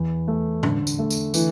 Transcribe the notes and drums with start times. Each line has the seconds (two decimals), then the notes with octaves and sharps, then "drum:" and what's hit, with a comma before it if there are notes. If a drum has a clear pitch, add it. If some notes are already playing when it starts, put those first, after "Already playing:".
Already playing: E2
0.28 A3
0.63 D3, drum: tom
0.87 drum: tambourine
0.99 A3
1.10 drum: tambourine
1.34 E3, drum: tambourine